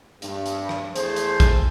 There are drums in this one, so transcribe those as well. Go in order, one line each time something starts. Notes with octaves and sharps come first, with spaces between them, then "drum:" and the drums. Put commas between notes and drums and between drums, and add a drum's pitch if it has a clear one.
G2, drum: hi-hat
drum: hi-hat
drum: rim click
E2 A3 G#4 C5, drum: hi-hat
drum: hi-hat
drum: kick A1, hi-hat